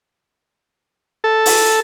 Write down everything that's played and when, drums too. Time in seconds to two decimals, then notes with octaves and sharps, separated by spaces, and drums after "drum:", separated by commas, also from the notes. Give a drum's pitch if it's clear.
1.24 A4
1.46 drum: open hi-hat